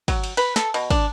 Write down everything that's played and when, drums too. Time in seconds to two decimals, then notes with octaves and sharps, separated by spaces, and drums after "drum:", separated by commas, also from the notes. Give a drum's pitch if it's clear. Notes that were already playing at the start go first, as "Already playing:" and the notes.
0.08 F#3, drum: kick, cymbal
0.24 drum: cymbal
0.37 B4, drum: cymbal
0.56 A4, drum: snare
0.74 B2, drum: cymbal
0.90 D4, drum: kick, cymbal